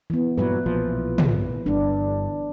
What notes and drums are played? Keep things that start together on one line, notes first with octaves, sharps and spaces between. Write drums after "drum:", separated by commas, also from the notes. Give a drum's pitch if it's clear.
E3 B3
G2 A#2 F#3 E4 B4
B1 A#2 F3
drum: tom
G1 G2 D4